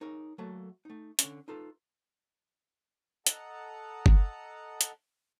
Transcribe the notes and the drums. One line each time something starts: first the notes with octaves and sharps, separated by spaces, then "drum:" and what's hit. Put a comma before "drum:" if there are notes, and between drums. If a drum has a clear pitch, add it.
D#4 G#4 A#4 C#5
F#3 A3 A#3 A4
A3 D#4
D3 C#4, drum: hi-hat
D#4 F4 A4 B4
A4 D#5 F#5 A5 A#5, drum: hi-hat
drum: kick G1
drum: hi-hat